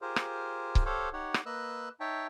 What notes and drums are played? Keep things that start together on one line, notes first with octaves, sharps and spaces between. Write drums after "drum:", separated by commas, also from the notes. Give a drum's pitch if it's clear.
F4 G4 G#4 A#4 C5
drum: rim click
drum: kick C#1
G4 A4 C5 C#5 F5
D#4 G4 C#5 F#5
drum: rim click
A#3 B4 D#5 E6 F#6
D#4 C#5 E5 G5 A5